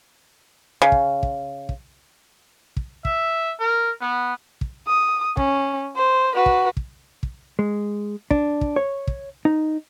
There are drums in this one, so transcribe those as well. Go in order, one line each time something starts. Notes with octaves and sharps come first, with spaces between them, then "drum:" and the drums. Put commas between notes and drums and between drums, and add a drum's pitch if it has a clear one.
C#3
drum: kick
drum: kick
drum: kick
drum: kick
E5, drum: kick
A#4
B3
drum: kick
D#6
C#4, drum: kick
C5
F#4 B4
drum: kick
drum: kick
drum: kick
G#3
D4, drum: kick
drum: kick
C#5
drum: kick
D#4